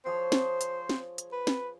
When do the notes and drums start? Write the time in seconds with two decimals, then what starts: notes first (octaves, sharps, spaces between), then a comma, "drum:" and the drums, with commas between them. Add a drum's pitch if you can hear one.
0.06 F3 G#4 C5 C#5
0.32 drum: snare
0.61 drum: hi-hat
0.89 drum: snare
1.18 drum: hi-hat
1.33 B4
1.47 drum: snare